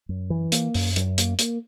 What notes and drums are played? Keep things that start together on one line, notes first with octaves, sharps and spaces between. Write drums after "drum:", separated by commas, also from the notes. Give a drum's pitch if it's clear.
F#2
E3
A#3, drum: hi-hat
F#2, drum: open hi-hat
F#2, drum: hi-hat
A#3, drum: hi-hat
A#3, drum: hi-hat